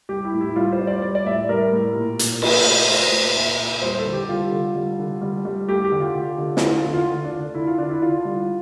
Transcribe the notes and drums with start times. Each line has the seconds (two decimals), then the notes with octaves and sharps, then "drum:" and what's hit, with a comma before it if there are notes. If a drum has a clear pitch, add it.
0.09 G3 G4
0.25 E4
0.33 A2
0.41 E4
0.56 G3 F4
0.72 C5
0.80 G3
0.87 D5
1.02 G3 D5
1.15 D5
1.26 A2 E5
1.38 D5
1.49 G3 A#4
1.72 A2
1.95 A#2
2.19 A#2, drum: hi-hat
2.42 A#2, drum: cymbal
2.66 A3
2.89 A3 C5
3.12 A3
3.36 A#2 E5
3.59 A#2
3.82 G3 C5
3.98 A4
4.05 D3
4.13 G4
4.29 G3 F4
4.52 D3
4.76 G3
4.99 D3
5.22 G3
5.45 G3
5.68 A3 G4
5.85 G4
5.92 D3
6.00 F4
6.15 D3
6.38 D3
6.57 E4, drum: snare
6.62 A3 F4
6.78 F4
6.86 D3
6.94 F4
7.09 D3
7.24 D4
7.32 D3
7.39 D4
7.55 D3 E4
7.67 F4
7.78 D3 D4
7.90 E4
8.01 D3 F4
8.25 G3